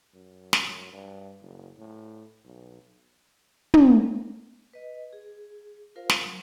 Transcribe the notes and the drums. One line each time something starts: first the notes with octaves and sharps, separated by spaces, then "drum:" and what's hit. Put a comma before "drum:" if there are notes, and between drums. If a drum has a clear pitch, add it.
F#2
drum: snare
G2
F#1
A2
B1
drum: tom
B4 D#5
G#4
F4 A#4 C5 F5
drum: snare
F#3